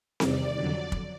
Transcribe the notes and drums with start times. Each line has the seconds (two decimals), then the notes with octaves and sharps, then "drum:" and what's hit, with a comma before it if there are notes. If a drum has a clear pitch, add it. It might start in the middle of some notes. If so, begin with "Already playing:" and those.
0.20 E2 C3 D#3 G3 D5, drum: snare C4
0.56 F2 D3 F#3
0.92 drum: kick